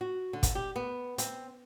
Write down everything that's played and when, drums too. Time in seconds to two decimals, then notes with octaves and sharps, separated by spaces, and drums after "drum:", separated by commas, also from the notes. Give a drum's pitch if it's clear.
0.01 F#4
0.33 D3
0.43 drum: kick, hi-hat
0.55 G4
0.76 B3
1.18 C4, drum: hi-hat